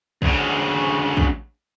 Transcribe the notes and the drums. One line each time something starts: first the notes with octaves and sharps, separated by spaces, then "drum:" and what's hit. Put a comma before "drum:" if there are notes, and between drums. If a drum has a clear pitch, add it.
D2 C#3, drum: kick
drum: kick